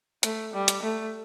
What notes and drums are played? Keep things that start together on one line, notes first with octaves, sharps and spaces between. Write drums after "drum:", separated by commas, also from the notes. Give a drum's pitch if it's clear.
A3, drum: hi-hat
G3
drum: hi-hat
A3